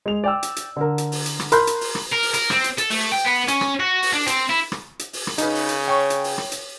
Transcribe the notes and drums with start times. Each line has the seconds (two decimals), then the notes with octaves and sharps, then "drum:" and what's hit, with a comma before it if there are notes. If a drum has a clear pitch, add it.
0.06 G#3 F7
0.24 D5 G5 E6
0.43 drum: hi-hat
0.56 drum: hi-hat
0.76 D3 A#4
0.98 drum: hi-hat
1.12 drum: open hi-hat
1.26 drum: hi-hat
1.39 drum: rim click
1.52 A#4 B5 C6 F#6 G6, drum: hi-hat
1.67 drum: hi-hat
1.81 drum: open hi-hat
1.95 drum: rim click
2.12 A#4
2.23 drum: open hi-hat
2.34 A#4, drum: hi-hat
2.50 C4, drum: rim click
2.64 drum: hi-hat
2.78 A4, drum: hi-hat
2.90 A3, drum: open hi-hat
3.12 G5
3.25 B3
3.48 C#4, drum: hi-hat
3.61 drum: rim click
3.80 F#4
4.03 drum: open hi-hat
4.13 D4
4.27 C4, drum: hi-hat
4.50 E4
4.72 drum: rim click
4.99 drum: hi-hat
5.13 drum: open hi-hat
5.27 drum: rim click
5.38 C#3 D#4 B4, drum: hi-hat
5.55 drum: open hi-hat
5.69 drum: hi-hat
5.88 C#5 G5 C#6
6.10 drum: hi-hat
6.24 drum: open hi-hat
6.38 drum: rim click
6.52 drum: hi-hat